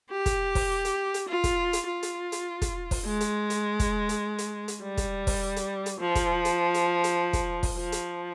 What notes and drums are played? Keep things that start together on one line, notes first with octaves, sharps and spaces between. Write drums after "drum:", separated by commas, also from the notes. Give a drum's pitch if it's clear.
G4
drum: kick, hi-hat
drum: kick, open hi-hat
drum: hi-hat
drum: hi-hat
F4
drum: kick, hi-hat
drum: hi-hat
F4
drum: hi-hat
drum: hi-hat
drum: kick, hi-hat
drum: kick, open hi-hat
G#3
drum: hi-hat
drum: hi-hat
drum: kick, hi-hat
drum: hi-hat
drum: hi-hat
drum: hi-hat
G3
drum: kick, hi-hat
drum: kick, open hi-hat
drum: hi-hat
drum: hi-hat
F3
drum: kick, hi-hat
drum: hi-hat
drum: hi-hat
drum: hi-hat
drum: kick, hi-hat
drum: kick, open hi-hat
F3
drum: hi-hat